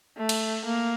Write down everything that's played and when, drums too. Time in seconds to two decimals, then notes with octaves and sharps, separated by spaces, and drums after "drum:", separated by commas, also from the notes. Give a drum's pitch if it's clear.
0.17 A3
0.29 drum: cymbal
0.65 A#3